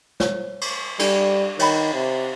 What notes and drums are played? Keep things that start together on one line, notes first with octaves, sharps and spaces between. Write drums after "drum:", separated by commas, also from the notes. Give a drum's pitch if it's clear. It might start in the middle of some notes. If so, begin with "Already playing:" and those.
C5 C#5, drum: snare
drum: cymbal
G3 D4 A4, drum: cymbal
D#3 C#5 G5 B5, drum: cymbal
C3